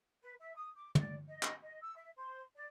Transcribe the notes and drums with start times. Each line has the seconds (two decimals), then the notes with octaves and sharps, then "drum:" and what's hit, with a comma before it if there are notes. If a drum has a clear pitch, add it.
0.22 B4
0.39 E5
0.55 D#6
0.76 D6
0.95 D5, drum: tom
1.28 D#5
1.43 drum: clap
1.62 D#5
1.81 E6
1.95 E5
2.15 C5
2.56 D5